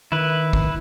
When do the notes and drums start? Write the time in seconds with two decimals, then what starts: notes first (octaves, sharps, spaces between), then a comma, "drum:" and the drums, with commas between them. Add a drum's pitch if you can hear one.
0.12 D#3 E4 B4
0.53 drum: kick